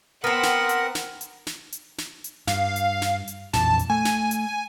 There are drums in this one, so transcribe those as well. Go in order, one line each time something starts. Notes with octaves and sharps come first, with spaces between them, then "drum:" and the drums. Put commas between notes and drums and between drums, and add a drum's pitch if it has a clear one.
B3 C4 A#4 F#5
drum: snare
drum: hi-hat
drum: snare
drum: hi-hat
drum: snare
drum: hi-hat
drum: snare
drum: hi-hat
G2 F5, drum: snare
drum: hi-hat
drum: snare
drum: hi-hat
A#1 F2 E3 A5, drum: snare
drum: hi-hat
A3 G#5
drum: snare
drum: hi-hat